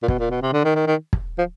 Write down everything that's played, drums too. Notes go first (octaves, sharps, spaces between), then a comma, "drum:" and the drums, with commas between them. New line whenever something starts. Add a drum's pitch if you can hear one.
A#2
B2, drum: kick
A#2
B2
C3
D3
D#3
D#3
D#3
drum: kick
F3